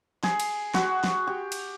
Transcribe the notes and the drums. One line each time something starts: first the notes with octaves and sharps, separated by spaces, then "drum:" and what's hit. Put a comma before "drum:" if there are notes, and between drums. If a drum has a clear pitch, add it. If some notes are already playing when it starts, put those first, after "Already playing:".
G#4, drum: snare
drum: cymbal
F#4, drum: snare
drum: snare
G4
drum: cymbal